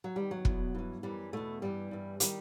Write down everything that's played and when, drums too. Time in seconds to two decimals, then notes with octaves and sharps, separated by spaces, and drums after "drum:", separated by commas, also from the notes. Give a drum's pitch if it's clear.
0.04 F#3
0.16 E2 D#3 G3
0.31 F#3
0.45 E2 B2, drum: kick
0.75 G2 E3
1.03 F#2 E3 G3
1.33 E2 B2 A3
1.62 G2 E3 G3
1.91 G2 E3
2.20 D#3 G3, drum: hi-hat